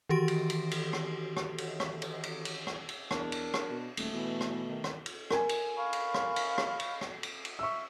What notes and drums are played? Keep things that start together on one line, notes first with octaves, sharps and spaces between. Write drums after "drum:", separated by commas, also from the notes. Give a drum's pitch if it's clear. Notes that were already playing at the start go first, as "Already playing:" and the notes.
D#3 E3 F#4 G4 C6 D7
drum: cymbal
drum: cymbal
drum: cymbal
drum: rim click
drum: rim click
drum: cymbal
drum: rim click
drum: cymbal
drum: cymbal
drum: cymbal
drum: rim click
drum: cymbal
E2 D4 A#4, drum: rim click
drum: cymbal
drum: rim click
B2
D#1 A3, drum: cymbal
B2 E3
drum: rim click
D#3
drum: rim click
drum: cymbal
A#4 G#5, drum: rim click
drum: cymbal
F5 B5 C#6
drum: cymbal
drum: rim click
drum: cymbal
drum: rim click
drum: cymbal
drum: rim click
drum: cymbal
drum: cymbal
E5 C#6 E6 F6